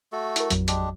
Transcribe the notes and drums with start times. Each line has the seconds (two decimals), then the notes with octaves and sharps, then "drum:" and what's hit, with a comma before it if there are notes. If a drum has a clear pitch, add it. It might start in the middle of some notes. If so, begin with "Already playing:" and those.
0.12 A3 F#4 A4
0.36 E4 A#4, drum: hi-hat
0.50 A1 F2 F#3, drum: hi-hat
0.68 G#3 D4 G4, drum: hi-hat